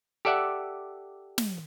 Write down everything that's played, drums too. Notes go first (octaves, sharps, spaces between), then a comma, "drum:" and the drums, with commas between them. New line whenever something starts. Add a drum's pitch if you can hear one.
G4 A4 D5 E5 F#5
drum: snare